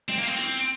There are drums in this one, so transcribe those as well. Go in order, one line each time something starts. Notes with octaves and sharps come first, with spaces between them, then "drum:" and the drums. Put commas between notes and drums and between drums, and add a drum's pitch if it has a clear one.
C4, drum: snare
A#3
C4
drum: hi-hat